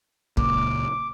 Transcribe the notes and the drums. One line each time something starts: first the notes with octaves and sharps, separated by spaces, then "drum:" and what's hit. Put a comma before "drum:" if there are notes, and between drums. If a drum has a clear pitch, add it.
C#2 A#2 D6, drum: kick